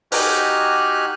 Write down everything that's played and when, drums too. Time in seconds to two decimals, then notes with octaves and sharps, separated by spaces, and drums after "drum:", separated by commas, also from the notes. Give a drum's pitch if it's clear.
0.12 D#4 F#4 G4 G#5 F6 F#6, drum: open hi-hat